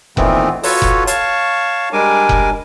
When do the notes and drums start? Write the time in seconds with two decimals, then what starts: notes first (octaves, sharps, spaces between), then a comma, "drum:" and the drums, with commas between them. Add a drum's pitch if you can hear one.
0.17 A#2 D#3 E3 A3 B3 C4, drum: kick F1
0.63 F4 F#4 A4 B4 C#5, drum: open hi-hat
0.82 drum: kick F1
1.07 C#5 F5 A5 C#6, drum: hi-hat
1.93 G3 G#3 D4 A#4 G#5 D6
2.29 drum: kick F1